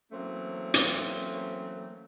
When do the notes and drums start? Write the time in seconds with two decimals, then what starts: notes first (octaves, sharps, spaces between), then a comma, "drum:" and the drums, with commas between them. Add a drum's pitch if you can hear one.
0.12 E3 F#3 A3 A#3 C4 C#4
0.74 drum: hi-hat